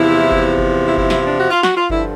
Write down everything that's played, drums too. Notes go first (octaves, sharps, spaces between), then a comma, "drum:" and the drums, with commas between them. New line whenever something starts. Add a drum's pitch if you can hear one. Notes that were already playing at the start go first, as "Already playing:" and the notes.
Already playing: E2 C3 F3 E4
drum: kick G1
drum: kick G1
E4
E4, drum: kick G1
E4, drum: snare
D4
F#4
F4
F#4, drum: snare
F4
G2 D3 F3 E4, drum: kick G1